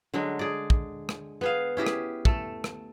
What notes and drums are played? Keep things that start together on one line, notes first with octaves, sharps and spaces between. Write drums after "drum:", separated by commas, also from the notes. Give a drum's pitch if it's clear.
D3 F#3 G#3
G#4 D5
drum: kick
drum: rim click
B3 G#4 F5
C#4 E4 G4 G#4
drum: rim click
A3 A4, drum: kick
drum: rim click